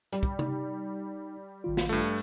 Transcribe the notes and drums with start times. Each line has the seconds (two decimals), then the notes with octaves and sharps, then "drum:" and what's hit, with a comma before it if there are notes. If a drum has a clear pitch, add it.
0.12 G3, drum: hi-hat
0.23 drum: kick
0.39 D#4, drum: tom C3
1.64 A1 D#3 F4
1.77 drum: snare
1.89 G2 A3